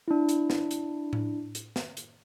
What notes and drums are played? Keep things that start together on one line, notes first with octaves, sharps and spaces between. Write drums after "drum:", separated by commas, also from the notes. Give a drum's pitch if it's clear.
D4 E4
drum: hi-hat
drum: snare
drum: hi-hat
drum: tom A2
drum: hi-hat
drum: snare
drum: hi-hat